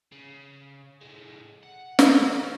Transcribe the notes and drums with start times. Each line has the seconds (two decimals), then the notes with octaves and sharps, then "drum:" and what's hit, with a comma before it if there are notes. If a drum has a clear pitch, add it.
0.12 C#3
1.01 A2 G#3
1.63 F#5
1.99 drum: snare
2.10 C#4 A4
2.32 F3 A#3